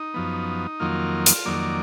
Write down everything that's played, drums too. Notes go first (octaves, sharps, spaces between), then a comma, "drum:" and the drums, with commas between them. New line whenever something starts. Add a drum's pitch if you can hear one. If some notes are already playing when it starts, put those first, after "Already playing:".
Already playing: D#4
F#2 F3 B3
F2 D#3 F#3 A#3 F4
drum: hi-hat
F2 D#3 F#3 A#3 D5